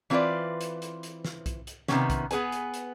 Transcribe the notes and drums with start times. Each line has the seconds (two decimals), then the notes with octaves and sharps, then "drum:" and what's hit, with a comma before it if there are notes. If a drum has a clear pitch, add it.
0.10 E3 C4 F4 A4 B4 D5
0.61 drum: hi-hat
0.82 drum: hi-hat
1.03 drum: hi-hat
1.25 drum: snare
1.46 drum: kick B1, hi-hat
1.67 drum: hi-hat
1.88 C3 D#3 G#3 A#3 B3 C#4, drum: snare
2.10 drum: kick B1, hi-hat
2.31 B3 G#4 B4 G#5, drum: hi-hat
2.52 drum: hi-hat
2.74 drum: hi-hat